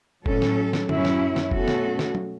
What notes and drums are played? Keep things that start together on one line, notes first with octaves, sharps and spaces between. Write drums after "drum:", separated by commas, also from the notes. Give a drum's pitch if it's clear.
A2 F#3 C#4 A4, drum: kick F1
drum: snare
drum: snare
F#2 F#3 C#4 E4, drum: tom
drum: snare
drum: snare
B2 A3 C#4 F#4 A4, drum: kick F1
drum: snare
drum: snare
drum: tom F#3